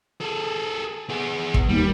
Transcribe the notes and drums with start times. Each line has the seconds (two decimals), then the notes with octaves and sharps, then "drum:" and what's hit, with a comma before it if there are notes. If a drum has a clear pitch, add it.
0.20 G#4 A4
1.09 B3 G#4
1.54 drum: kick
1.69 D#2 G3